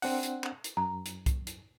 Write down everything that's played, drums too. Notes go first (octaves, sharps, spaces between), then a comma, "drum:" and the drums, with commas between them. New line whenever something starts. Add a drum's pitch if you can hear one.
C4 D4 F#5, drum: open hi-hat
drum: hi-hat
drum: clap
drum: hi-hat
F#2 A#5
drum: hi-hat
drum: kick, hi-hat
drum: hi-hat